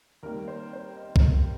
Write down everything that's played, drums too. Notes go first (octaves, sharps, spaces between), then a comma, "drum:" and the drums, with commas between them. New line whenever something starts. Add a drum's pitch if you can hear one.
D#2 D#3 G3 A#3 A#4
C5
C5
D#5
drum: kick C2